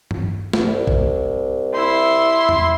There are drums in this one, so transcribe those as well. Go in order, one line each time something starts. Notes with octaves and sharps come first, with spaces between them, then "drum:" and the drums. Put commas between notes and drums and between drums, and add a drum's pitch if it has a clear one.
drum: tom G2
drum: snare
C2
drum: kick A1
E4 C6
drum: tom E2